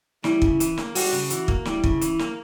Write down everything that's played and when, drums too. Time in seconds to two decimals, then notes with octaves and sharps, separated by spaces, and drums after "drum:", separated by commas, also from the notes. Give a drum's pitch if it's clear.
0.24 G3 E4, drum: snare
0.42 C#3, drum: kick
0.60 E3, drum: hi-hat
0.78 A#3, drum: snare
0.95 G3 F#4, drum: open hi-hat
1.13 C#3
1.30 E3 F#4, drum: hi-hat
1.48 A#3, drum: kick
1.65 G3 E4, drum: snare
1.84 C#3, drum: kick
2.01 E3, drum: hi-hat
2.19 A#3, drum: snare